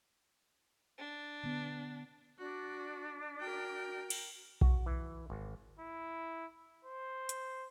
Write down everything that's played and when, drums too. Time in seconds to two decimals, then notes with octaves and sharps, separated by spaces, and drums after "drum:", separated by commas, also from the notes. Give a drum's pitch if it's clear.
0.98 D4
1.43 D3 B3
2.38 D4 F#4
3.40 F#4 A#4 G5
4.10 drum: cymbal
4.61 F#4, drum: kick B1
4.86 E3
5.30 G#1
5.79 E4
6.85 C5
7.29 drum: hi-hat